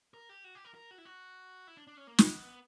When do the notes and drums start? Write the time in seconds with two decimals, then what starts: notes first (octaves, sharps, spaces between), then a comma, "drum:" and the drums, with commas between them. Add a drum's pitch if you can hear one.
0.14 A#4
0.29 G4
0.44 F#4
0.55 G4
0.65 A#4
0.75 A#4
0.91 F#4
0.98 E4
1.05 F#4
1.67 E4
1.77 D4
1.87 D4
1.97 C#4
2.07 A#3
2.18 B3, drum: snare